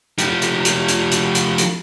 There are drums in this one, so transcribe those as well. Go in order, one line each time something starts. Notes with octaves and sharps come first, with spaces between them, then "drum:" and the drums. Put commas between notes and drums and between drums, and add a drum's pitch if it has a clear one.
F3 G4, drum: hi-hat
drum: hi-hat
drum: hi-hat
drum: hi-hat
drum: hi-hat
drum: hi-hat
drum: hi-hat